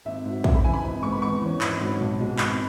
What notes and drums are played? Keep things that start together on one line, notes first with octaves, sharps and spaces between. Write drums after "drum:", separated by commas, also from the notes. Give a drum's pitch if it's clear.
G#1 E5
G#2 F#3
E2 E5, drum: kick
B5
C#3 E3 G#5
B5
G#1
G#2 G#3 B3 C#6
B5
E2 C#6
E3 C#4
G#1 B5, drum: clap
G#2 F#3 C#4
B1
B2 G#3
G#1 B5, drum: clap